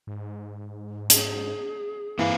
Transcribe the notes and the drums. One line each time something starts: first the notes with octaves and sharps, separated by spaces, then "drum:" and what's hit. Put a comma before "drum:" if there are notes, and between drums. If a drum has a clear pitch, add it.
G#2
G#4, drum: hi-hat
G2 E3 A#3 C4 F5